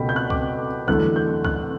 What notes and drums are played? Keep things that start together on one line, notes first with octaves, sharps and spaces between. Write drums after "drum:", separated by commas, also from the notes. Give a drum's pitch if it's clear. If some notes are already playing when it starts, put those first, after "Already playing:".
Already playing: C#2 B2 A3 G5 B5
G6
F#6
D6, drum: kick C2
E2 D3 F#3 A3 F#6, drum: kick C2
G6
F#6, drum: kick C2